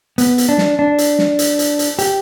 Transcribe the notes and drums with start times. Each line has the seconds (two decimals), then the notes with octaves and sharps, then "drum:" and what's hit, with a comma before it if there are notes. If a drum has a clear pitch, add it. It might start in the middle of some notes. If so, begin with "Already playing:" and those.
0.18 B3, drum: hi-hat
0.38 drum: hi-hat
0.49 D4
0.58 drum: snare
0.79 D4
0.98 drum: hi-hat
1.19 drum: snare
1.39 drum: hi-hat
1.59 drum: hi-hat
1.79 drum: hi-hat
1.99 G4, drum: hi-hat